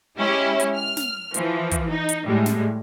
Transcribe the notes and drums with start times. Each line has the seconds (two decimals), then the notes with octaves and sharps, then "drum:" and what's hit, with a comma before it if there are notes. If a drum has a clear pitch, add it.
0.17 G#3 C#4 E4 G4
0.60 drum: hi-hat
0.75 F6
0.97 drum: snare
1.34 E3 F3, drum: hi-hat
1.71 drum: kick, hi-hat
1.90 D#4
2.09 drum: hi-hat
2.25 A2 G3 G#3
2.46 drum: snare